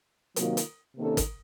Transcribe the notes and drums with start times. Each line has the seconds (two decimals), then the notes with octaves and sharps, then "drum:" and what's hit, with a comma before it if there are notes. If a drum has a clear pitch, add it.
0.36 C3 D#3 F#3 A#3 F4, drum: hi-hat
0.57 drum: hi-hat
0.97 C3 D#3 A#3 C#4 A4
1.17 drum: kick, hi-hat